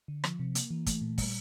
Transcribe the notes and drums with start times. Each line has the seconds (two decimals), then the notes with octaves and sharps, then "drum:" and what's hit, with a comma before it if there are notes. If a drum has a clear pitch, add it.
0.08 D3
0.24 F3, drum: rim click
0.39 C3
0.55 A#3, drum: hi-hat
0.70 E3
0.86 A3, drum: kick, hi-hat
1.01 A#2
1.18 G3, drum: kick, open hi-hat